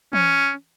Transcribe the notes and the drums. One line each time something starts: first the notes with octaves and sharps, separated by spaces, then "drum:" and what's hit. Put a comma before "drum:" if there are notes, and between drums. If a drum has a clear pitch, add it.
C#4, drum: tom E3